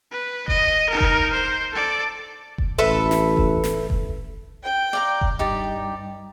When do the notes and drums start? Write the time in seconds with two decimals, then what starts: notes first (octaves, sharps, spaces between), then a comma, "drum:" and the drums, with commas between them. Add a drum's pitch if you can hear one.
0.12 B4
0.48 D#5, drum: kick F1
0.89 D#4 A#4
1.01 drum: kick F1
1.33 C5
1.72 A4 D5
2.58 drum: kick F1
2.78 A1 A4 B4 E5
3.11 drum: snare
3.37 drum: kick F1
3.64 drum: snare
3.90 drum: kick F1
4.63 G5
4.93 D5 F5 A#5
5.21 drum: kick F1
5.39 G2 D#4 G4 D5